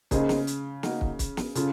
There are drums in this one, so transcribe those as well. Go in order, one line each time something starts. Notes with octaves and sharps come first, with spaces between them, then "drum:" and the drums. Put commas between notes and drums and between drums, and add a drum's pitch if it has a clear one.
C#3 A#3 D#4 G#4 C5 D#5, drum: kick, hi-hat
drum: snare
drum: hi-hat
A#3 D#4 F#4 A#4, drum: snare
drum: kick
drum: kick, hi-hat
drum: snare
C#3 F4 A4, drum: hi-hat